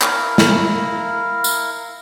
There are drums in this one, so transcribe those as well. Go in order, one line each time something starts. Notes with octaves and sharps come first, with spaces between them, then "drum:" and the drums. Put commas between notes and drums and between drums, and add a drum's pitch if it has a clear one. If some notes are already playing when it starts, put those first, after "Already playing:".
E4 A#4 F5, drum: clap
drum: snare
drum: tambourine